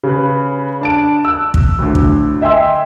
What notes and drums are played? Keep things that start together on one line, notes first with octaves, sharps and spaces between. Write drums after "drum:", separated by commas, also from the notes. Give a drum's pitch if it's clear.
C#3 B4
D4 A5 D7
E6 F#6
drum: kick
D2 A2 D3
drum: kick
D#5 E5 G5 G#5 C6 E6